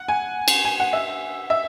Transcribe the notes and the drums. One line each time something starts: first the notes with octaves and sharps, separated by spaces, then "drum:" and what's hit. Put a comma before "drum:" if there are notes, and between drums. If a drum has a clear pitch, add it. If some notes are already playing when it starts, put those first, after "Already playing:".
Already playing: F#5
G#5
drum: cymbal
G#5
F#5
E5
E5